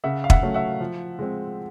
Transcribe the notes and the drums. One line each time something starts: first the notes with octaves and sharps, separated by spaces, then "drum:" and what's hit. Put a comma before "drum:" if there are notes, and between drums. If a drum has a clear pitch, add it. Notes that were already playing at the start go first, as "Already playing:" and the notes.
C#3 E5 F#5
F5
E5 F#5, drum: kick
F#3 A3 C#4
E5 F#5
F3
G#3 C4